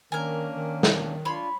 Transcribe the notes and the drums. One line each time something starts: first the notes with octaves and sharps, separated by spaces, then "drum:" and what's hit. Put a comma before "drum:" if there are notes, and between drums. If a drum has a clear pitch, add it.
D#3 A#3 C#4 D4 A#4 G#5
D#3
drum: snare
D4 F4 C#5 B5 C6